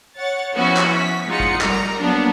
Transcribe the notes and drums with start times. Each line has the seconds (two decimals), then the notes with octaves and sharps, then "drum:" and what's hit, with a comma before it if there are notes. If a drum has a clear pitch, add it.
0.18 C#5 F#5 A6
0.55 F3 B3 C#4 E4 F#4 B4
0.77 drum: clap
0.95 B6
1.27 G#3 D#4 F4 F#5 C#7
1.40 drum: kick
1.61 G3 A#4 A#5, drum: clap
2.00 F#3 A#3 B3 D4